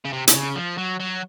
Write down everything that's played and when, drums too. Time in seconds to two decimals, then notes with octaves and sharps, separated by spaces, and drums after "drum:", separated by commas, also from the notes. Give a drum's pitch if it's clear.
0.05 C#3
0.13 C3
0.27 C3, drum: hi-hat
0.35 C#3
0.56 F3
0.78 F#3
1.00 F#3